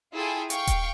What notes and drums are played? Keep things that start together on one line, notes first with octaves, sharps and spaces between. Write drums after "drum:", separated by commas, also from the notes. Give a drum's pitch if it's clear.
E4 F4 G#4 A4 G5 G#5
F5 G5 C#6, drum: hi-hat
drum: kick D#1, hi-hat